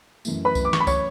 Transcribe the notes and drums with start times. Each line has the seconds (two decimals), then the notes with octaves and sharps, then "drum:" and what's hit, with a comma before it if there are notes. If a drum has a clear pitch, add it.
0.25 F#2 E3 A3, drum: tambourine
0.45 B4 B5
0.55 drum: kick C2, tambourine
0.65 D6
0.73 C#6, drum: snare
0.80 B5
0.87 C#5 C#6, drum: kick C2, tambourine